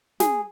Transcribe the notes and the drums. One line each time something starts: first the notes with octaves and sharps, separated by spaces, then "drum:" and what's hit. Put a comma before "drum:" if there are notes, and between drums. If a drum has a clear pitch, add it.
G#4, drum: snare